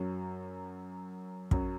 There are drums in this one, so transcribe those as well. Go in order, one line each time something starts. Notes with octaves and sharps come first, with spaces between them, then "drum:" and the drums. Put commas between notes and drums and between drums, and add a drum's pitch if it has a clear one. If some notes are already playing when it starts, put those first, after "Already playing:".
Already playing: F#2 F#3
F#2 F#3, drum: kick